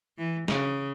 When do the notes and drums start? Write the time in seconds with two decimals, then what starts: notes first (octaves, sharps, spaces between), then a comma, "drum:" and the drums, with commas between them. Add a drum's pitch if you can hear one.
0.18 E3
0.48 C#3, drum: snare